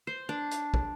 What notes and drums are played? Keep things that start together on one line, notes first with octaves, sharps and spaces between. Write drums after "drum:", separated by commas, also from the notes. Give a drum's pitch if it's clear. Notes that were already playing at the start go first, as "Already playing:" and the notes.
C5
D4
drum: hi-hat
drum: kick